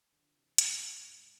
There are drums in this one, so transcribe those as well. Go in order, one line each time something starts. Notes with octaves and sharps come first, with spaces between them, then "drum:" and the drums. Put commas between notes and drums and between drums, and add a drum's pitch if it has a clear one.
D3 F3
C3 E3
B2 D3, drum: hi-hat
C3
G2 B2
G2 B2